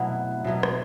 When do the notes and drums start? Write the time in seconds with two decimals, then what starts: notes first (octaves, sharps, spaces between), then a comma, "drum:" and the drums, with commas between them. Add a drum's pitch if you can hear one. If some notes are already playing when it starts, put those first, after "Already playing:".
Already playing: B2 F#3 E4 B4 F#5
0.44 B2 F#3 B3 E5
0.63 drum: rim click